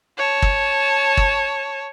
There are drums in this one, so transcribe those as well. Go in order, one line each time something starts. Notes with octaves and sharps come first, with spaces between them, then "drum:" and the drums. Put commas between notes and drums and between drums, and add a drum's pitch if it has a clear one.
C#5 A5
drum: kick
drum: kick